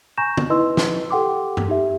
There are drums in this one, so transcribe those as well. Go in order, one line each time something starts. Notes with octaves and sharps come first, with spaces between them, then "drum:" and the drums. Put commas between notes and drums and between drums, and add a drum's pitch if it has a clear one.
G#5 A#5 C#6 G6 A#6 E7
drum: tom
D#4 E4 B4 D#5 C6 E6
drum: snare
G4 A4 F#5 G5 C6 D6
drum: tom G2
D#4 G4 E5